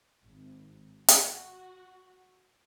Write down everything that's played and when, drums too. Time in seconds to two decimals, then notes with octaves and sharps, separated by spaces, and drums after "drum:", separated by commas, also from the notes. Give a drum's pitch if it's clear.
0.24 G#1
1.08 F#4, drum: hi-hat